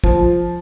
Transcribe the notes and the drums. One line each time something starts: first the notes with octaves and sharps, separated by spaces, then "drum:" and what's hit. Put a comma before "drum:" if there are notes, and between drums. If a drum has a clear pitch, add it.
F3, drum: kick